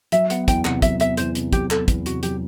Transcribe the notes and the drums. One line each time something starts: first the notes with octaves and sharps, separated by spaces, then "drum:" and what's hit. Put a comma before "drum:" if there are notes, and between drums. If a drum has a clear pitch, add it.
F#3 E5, drum: hi-hat
B3 F#5, drum: hi-hat
E2 G5, drum: kick, hi-hat
C3 F#5, drum: clap
F#3 E5, drum: kick, hi-hat
B3 E5, drum: hi-hat
E2 C5, drum: hi-hat
C3, drum: hi-hat
F#3 G4, drum: kick, hi-hat
B3 A4, drum: clap
E2, drum: kick, hi-hat
C3 F#4, drum: hi-hat
F#3 G4, drum: hi-hat